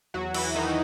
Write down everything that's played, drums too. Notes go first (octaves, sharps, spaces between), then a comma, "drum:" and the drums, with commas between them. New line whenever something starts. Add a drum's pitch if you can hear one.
E2 F#3 F#4
E3 E4, drum: cymbal
F#3
D#3 D#4